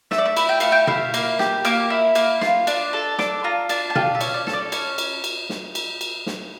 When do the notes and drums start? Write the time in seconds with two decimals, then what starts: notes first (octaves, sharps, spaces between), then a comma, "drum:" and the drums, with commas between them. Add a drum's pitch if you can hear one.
0.11 A3 E5, drum: snare
0.18 D5
0.26 E5
0.37 E4, drum: cymbal
0.49 G5
0.60 A3 F5, drum: cymbal
0.72 G5
0.87 E4 F5, drum: tom B2
1.14 A#3, drum: cymbal
1.39 G4, drum: snare
1.65 A#3 D6, drum: cymbal
1.90 E4
2.15 A#3, drum: cymbal
2.41 F4, drum: snare
2.67 D4, drum: cymbal
2.93 A4
3.19 D4 D6, drum: snare
3.44 F4 A#5
3.69 D4 A5, drum: cymbal
3.90 A5
3.96 F4 G5, drum: tom B2
4.15 E5
4.21 C#4, drum: cymbal
4.34 D5
4.47 A4, drum: snare
4.53 D5
4.72 C#4 C#5, drum: cymbal
4.98 drum: cymbal
5.24 drum: cymbal
5.49 drum: snare
5.75 drum: cymbal
6.01 drum: cymbal
6.26 drum: snare